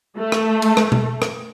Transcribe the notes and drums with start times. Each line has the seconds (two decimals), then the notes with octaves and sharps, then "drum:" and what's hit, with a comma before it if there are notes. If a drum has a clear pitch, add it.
0.17 A3
0.32 drum: rim click
0.62 drum: cymbal
0.77 drum: rim click
0.92 drum: tom
1.22 drum: rim click